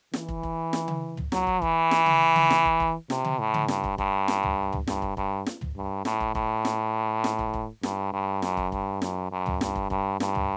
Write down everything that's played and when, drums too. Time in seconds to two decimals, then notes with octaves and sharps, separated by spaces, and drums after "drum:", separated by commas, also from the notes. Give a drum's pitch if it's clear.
0.13 E3, drum: snare
0.29 drum: kick
0.43 drum: kick
0.73 drum: snare
0.88 drum: tom C#3
1.17 drum: tom
1.32 F#3, drum: snare
1.47 drum: kick
1.62 E3, drum: kick
1.91 drum: snare
2.06 drum: tom C#3
2.36 drum: tom C#3
2.51 drum: snare
2.65 drum: kick
2.80 drum: kick
3.10 C3, drum: snare
3.24 drum: tom C#3
3.39 A2
3.54 drum: tom C#3
3.68 G2, drum: snare
3.84 drum: kick
3.98 G2, drum: kick
4.28 drum: snare
4.43 drum: tom
4.72 drum: tom
4.87 G2, drum: snare
5.02 drum: kick
5.17 G2, drum: kick
5.46 drum: snare
5.61 drum: tom
5.76 G2
6.05 A2, drum: snare
6.20 drum: kick
6.35 A2, drum: kick
6.65 drum: snare
7.24 drum: snare
7.39 drum: kick
7.54 drum: kick
7.83 G2, drum: snare
8.13 G2
8.42 F#2, drum: snare
8.57 drum: kick
8.72 G2, drum: kick
9.02 F#2, drum: snare
9.31 F#2
9.46 drum: tom
9.61 G2, drum: snare
9.76 drum: kick
9.90 G2, drum: kick
10.20 G2, drum: snare
10.35 drum: tom